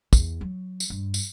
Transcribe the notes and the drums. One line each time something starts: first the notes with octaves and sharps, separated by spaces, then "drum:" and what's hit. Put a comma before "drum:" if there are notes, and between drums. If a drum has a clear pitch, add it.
E2, drum: kick, tambourine
F#3
drum: tambourine
G2
drum: tambourine